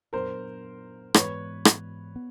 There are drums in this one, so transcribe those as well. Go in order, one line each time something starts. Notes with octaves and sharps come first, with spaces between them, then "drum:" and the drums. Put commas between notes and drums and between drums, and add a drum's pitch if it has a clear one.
A#2 F#3 B3 D4 A#4 C5
G#2 E3 G#3 B3 B4 C#5, drum: rim click
drum: rim click
B3